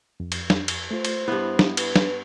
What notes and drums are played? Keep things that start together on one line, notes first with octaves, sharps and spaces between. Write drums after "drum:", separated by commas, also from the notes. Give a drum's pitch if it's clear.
F2
drum: cymbal
drum: snare
drum: cymbal
A3 F4 C5
drum: cymbal
G2 B3 E4 E5
drum: snare
B4, drum: cymbal
drum: snare